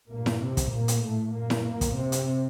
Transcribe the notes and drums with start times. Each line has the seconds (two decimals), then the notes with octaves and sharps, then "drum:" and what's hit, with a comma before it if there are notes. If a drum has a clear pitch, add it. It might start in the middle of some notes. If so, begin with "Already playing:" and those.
0.10 G2 A#2 A#3
0.26 drum: snare E4
0.41 C3 C4
0.57 drum: kick, hi-hat
0.72 A#2 A#3
0.88 drum: hi-hat
1.04 A2 A3
1.34 F#2 A#2 A#3
1.50 drum: snare E4
1.65 A#2 A#3
1.81 drum: kick, hi-hat
1.96 C3 C4
2.12 drum: hi-hat